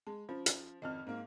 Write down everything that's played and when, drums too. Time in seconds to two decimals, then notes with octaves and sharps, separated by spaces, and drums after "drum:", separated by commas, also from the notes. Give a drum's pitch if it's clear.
0.07 G#3 A5
0.29 F3 C#4
0.46 drum: hi-hat
0.82 G#1 F2 C4 D#5 F6
1.07 G#2 A#3